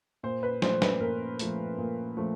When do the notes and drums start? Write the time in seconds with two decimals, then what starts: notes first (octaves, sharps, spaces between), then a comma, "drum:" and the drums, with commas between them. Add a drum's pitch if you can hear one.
0.23 A#2 C5
0.43 B4
0.62 F3 A3 C5, drum: snare
0.82 B4, drum: snare
1.00 A#2 A#4
1.39 F3 A3, drum: hi-hat
1.78 A#2
2.17 F3 A3